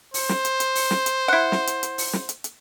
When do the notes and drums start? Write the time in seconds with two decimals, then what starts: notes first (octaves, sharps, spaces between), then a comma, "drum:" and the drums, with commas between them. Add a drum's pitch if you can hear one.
0.14 C5, drum: open hi-hat
0.29 drum: snare
0.45 drum: hi-hat
0.60 drum: hi-hat
0.75 drum: open hi-hat
0.91 drum: snare
1.06 drum: hi-hat
1.28 E4 F#5
1.52 drum: snare
1.67 drum: hi-hat
1.83 drum: hi-hat
1.98 drum: open hi-hat
2.13 drum: snare
2.29 drum: hi-hat
2.44 drum: hi-hat